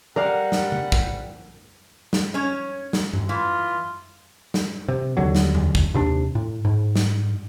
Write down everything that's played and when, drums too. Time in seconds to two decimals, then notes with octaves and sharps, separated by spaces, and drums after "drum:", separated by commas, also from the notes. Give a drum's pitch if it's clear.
0.16 G3 A#4 D5 F5 F#5
0.52 drum: snare
0.72 drum: tom C#3
0.92 drum: kick
2.13 drum: snare
2.34 C#4 C#5
2.93 drum: snare
3.13 drum: tom G2
3.29 E3 F4
4.54 drum: snare
4.88 C3
5.17 D#2 D3 F#3
5.35 drum: snare
5.55 drum: tom E2
5.75 drum: kick
5.94 D#2 C3 D4
6.35 A2
6.65 G#2
6.96 drum: snare